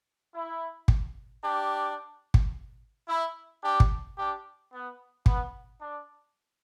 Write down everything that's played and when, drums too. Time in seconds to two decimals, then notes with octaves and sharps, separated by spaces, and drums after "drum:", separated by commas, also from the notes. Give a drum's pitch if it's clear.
0.34 E4
0.88 drum: kick
1.43 D4 G4
2.34 drum: kick
3.07 E4
3.61 D4 G4
3.80 drum: kick
4.16 D4 G4
4.72 B3
5.26 B3, drum: kick
5.80 D4